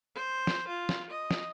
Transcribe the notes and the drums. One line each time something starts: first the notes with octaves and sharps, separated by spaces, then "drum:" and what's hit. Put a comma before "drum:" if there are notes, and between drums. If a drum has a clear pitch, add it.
C5
drum: snare
F4
drum: snare
D#5
drum: snare